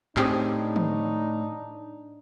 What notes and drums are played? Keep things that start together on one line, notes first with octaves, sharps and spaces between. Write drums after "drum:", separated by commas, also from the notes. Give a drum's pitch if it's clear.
A2 C4 D4 D#4 G4 G#4, drum: clap
drum: tom